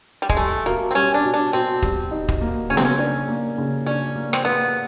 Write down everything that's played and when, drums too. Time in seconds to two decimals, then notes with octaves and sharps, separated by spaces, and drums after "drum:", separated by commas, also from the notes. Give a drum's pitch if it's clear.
0.22 G3
0.29 G#3, drum: kick
0.37 G3 A3
0.66 B2 A#3
0.91 C4
0.95 G3 C#4
1.14 D4
1.24 B2
1.34 D4
1.53 B2 C4
1.82 G3, drum: kick
2.11 D#4
2.29 drum: kick
2.41 A#3
2.70 C#3 C#4
2.77 C4, drum: snare B3
2.85 C#4
2.99 D4
3.28 A#3
3.58 C#3
3.86 C#4 D4
4.16 A#3
4.33 C4, drum: rim click
4.45 A#3 B3